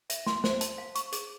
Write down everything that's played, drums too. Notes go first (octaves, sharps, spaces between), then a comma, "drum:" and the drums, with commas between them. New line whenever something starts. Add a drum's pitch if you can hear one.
E5, drum: hi-hat
C6, drum: snare
C5, drum: snare
A5, drum: hi-hat
F5
C#6, drum: hi-hat
G#4, drum: hi-hat